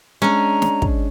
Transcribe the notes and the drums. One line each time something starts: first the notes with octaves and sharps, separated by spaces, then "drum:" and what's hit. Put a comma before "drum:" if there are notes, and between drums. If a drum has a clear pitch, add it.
G#3 C#4 D4 A#5
drum: snare
drum: kick